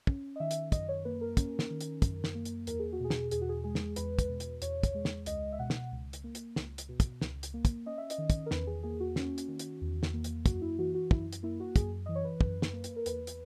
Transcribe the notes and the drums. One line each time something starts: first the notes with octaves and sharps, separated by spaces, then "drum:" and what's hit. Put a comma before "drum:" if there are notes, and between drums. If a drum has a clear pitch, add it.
C#4, drum: kick
D#5
D#3 E5
drum: hi-hat
F#2 D#5, drum: kick, hi-hat
C#5
A#3 B4
A#4
C#4, drum: kick, hi-hat
drum: snare
D#3
drum: hi-hat
F#2, drum: kick, hi-hat
drum: snare
A#3
drum: hi-hat
E2 A#4, drum: hi-hat
G#4
F#4
B2 G#4
drum: snare
E2 G#4, drum: hi-hat
F#4
G#4
G#3 G#4
drum: snare
E2 B4, drum: hi-hat
drum: kick, hi-hat
B2
drum: hi-hat
E2 C#5, drum: hi-hat
drum: kick, hi-hat
G#3
drum: snare
C#2 D#5, drum: hi-hat
E5
B2 F#5
drum: snare
C#2
drum: hi-hat
A#3
drum: hi-hat
C#2, drum: snare
drum: hi-hat
B2
drum: kick, hi-hat
C#2, drum: snare
drum: hi-hat
A#3
drum: kick, hi-hat
C#4 D#5
E5
D#5, drum: hi-hat
D#3
drum: kick, hi-hat
A#4
E2 B4, drum: snare
G#4
A#3 G#4
F#4
C#4, drum: snare
drum: hi-hat
D#3
drum: hi-hat
E2
drum: snare
A#3
drum: hi-hat
F#2 F#4, drum: kick, hi-hat
E4
E3 F#4
F#4
F#2 E4, drum: kick
drum: hi-hat
A#3 E4
F#4
F#2 G#4, drum: kick, hi-hat
E3 D#5
C#5
B4
F#2, drum: kick
drum: snare
A#3
drum: hi-hat
A#4
E2 B4, drum: hi-hat
drum: hi-hat